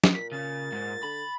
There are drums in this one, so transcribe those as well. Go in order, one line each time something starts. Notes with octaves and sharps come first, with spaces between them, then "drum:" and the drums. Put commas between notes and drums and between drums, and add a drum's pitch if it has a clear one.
drum: snare
A#2 B6
C#3 A6
G#2
D3 B5